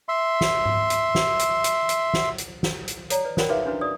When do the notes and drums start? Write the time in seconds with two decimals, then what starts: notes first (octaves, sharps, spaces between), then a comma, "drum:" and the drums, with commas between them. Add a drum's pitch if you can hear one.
0.09 E5 C6
0.41 drum: snare
0.65 drum: tom G#2
0.90 drum: hi-hat
1.15 drum: snare
1.39 drum: hi-hat
1.64 drum: hi-hat
1.89 drum: hi-hat
2.14 drum: snare
2.38 drum: hi-hat
2.63 drum: snare
2.88 drum: hi-hat
3.10 A4 C#5 D5 A#5, drum: hi-hat
3.24 B4 D5
3.37 A#4 C5 D5 F#5 G5 B5, drum: snare
3.49 D#4 F#4 G#4 B4 E5 F5
3.65 C#4 D4 E4 F#4 B4
3.81 F#4 A4 D5 D#6